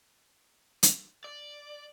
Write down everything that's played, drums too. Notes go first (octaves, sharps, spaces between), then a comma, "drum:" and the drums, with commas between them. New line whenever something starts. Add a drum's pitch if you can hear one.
drum: hi-hat
D5